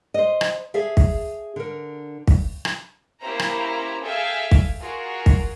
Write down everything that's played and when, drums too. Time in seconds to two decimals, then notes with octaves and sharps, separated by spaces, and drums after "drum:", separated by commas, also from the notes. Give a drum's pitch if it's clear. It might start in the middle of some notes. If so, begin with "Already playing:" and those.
0.14 C5 D#5
0.41 drum: rim click
0.74 G#4 A4 E5 F5
0.97 drum: kick
1.56 D3 A#4
2.27 drum: kick
2.65 drum: rim click
3.21 A#3 C#4 E4 G4 C5 A#5
3.39 drum: rim click
4.02 G#4 A4 E5 F5 G5
4.51 drum: kick
4.81 F4 F#4 G#4 A#4
5.26 drum: kick